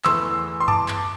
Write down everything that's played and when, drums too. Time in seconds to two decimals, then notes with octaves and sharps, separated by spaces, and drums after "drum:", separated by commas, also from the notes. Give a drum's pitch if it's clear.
0.05 E2 E3 A3 C6 E6, drum: clap
0.60 C6
0.68 A5 D6, drum: tom F#2
0.88 drum: clap